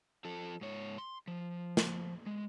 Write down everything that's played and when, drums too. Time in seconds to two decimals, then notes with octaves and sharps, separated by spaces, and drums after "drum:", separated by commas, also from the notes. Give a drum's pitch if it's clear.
0.25 F3 A4
0.61 G#2 C#5
0.98 C6
1.28 F3
1.77 drum: snare
2.26 G#3